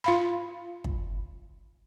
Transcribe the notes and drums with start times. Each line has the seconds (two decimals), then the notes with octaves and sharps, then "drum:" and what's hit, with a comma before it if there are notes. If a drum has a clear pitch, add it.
0.04 F4 F5 B5
0.84 drum: kick